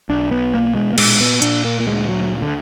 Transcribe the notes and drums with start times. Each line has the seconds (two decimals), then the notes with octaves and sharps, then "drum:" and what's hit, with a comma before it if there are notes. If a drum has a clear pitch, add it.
0.09 B1 D4
0.31 B3
0.53 B2 A#3
0.75 G#3
0.93 A#3
0.98 A#2 G#3, drum: cymbal
1.21 B3
1.42 A#2 D4, drum: hi-hat
1.64 A#3
1.80 A#3
1.86 D2 G#3
2.09 F#3
2.31 D2
2.42 D3